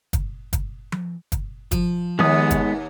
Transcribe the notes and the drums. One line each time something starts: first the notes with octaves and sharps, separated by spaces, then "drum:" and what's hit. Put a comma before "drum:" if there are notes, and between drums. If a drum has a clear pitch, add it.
drum: kick, hi-hat
drum: kick, hi-hat
drum: tom F3
drum: kick, hi-hat
F3, drum: kick, hi-hat
D#2 D#3 G#3 B3 D#6
drum: kick, hi-hat